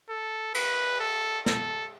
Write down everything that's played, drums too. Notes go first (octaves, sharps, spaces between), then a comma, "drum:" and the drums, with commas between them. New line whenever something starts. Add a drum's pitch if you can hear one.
A4
B4, drum: cymbal
A4
A4, drum: snare